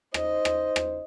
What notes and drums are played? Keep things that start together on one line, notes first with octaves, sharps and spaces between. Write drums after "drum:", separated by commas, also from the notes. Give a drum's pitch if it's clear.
D#4 C5 D#5, drum: rim click
drum: rim click
drum: rim click